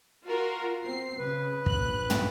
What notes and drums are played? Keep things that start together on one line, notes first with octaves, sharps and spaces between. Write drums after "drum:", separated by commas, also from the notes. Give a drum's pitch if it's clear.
F4 F#4 A#4
C4 C7
C#3 B4
A#1 F#6, drum: kick
drum: tom